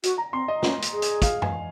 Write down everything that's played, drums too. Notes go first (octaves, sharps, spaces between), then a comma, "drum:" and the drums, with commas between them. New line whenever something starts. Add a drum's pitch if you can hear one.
F#4, drum: hi-hat
A#5
C4 C6
D#5
C#4, drum: snare
drum: hi-hat
G#4
drum: hi-hat
F5, drum: kick, hi-hat
G#5, drum: tom F#2